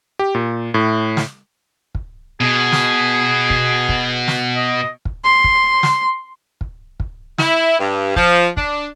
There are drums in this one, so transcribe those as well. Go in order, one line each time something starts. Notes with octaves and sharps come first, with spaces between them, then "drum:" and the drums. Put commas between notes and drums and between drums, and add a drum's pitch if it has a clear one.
G4
A#2
A2
drum: snare
drum: kick
B2 G#4
drum: snare
drum: kick
drum: kick
drum: snare
D#5
drum: kick
C6
drum: kick
drum: snare
drum: kick
drum: kick
E4, drum: snare
G2
F3, drum: kick
D4, drum: kick